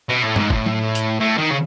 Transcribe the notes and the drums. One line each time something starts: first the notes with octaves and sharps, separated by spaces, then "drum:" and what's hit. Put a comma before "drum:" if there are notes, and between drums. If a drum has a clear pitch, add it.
B2
A2
G#2, drum: tom
A2, drum: kick
drum: tom F#3
drum: hi-hat
A2
D#3
C#3